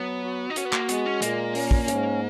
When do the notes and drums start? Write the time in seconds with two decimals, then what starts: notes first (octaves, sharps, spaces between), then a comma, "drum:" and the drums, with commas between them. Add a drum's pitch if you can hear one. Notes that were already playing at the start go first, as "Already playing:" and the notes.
Already playing: F#3 B3
0.23 F#4
0.50 D#4
0.56 C#4 F#4, drum: hi-hat
0.65 B3
0.73 A#3, drum: clap
0.89 G#3 B3, drum: hi-hat
1.05 C#4
1.22 A#2 A#3, drum: hi-hat
1.55 C#4, drum: open hi-hat
1.71 drum: kick
1.88 G#2, drum: hi-hat